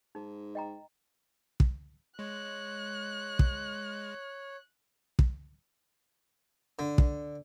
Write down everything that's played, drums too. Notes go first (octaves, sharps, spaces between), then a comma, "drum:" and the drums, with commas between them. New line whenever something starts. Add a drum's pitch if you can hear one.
G#2 D#4
D#5 G5 A#5
drum: kick
G#3 C#5 F#6
drum: kick
drum: kick
D3
drum: kick